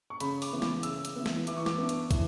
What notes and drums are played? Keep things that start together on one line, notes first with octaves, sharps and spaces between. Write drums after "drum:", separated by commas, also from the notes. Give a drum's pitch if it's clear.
C#6
C#3 B5, drum: hi-hat
D6, drum: open hi-hat
E3 B3
D6, drum: snare
C#3 E6, drum: hi-hat
drum: hi-hat
E3 B3
drum: snare
E3 D6, drum: hi-hat
C#6
D6, drum: snare
B3 D4
drum: hi-hat
E3, drum: kick, hi-hat